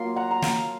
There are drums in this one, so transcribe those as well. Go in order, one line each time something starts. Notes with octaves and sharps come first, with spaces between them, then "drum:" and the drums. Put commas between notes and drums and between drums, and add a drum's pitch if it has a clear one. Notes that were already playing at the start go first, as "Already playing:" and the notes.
Already playing: F#3 A#3 F4 C6
F#5 A#5
A#5
F5 A5, drum: snare